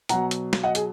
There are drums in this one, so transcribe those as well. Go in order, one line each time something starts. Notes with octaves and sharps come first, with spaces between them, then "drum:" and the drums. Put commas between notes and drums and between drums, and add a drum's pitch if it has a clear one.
B2 F#3 F#5 A#5, drum: hi-hat
drum: hi-hat
drum: snare
D#5 F#5
G#4, drum: hi-hat